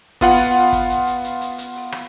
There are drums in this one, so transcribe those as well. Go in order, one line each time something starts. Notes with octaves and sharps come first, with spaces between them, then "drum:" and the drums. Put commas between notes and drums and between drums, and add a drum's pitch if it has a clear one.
B3 F4 F#5, drum: kick, hi-hat
drum: hi-hat
drum: open hi-hat
drum: kick, hi-hat
drum: hi-hat
drum: hi-hat
drum: hi-hat
drum: hi-hat
drum: hi-hat
drum: open hi-hat
drum: rim click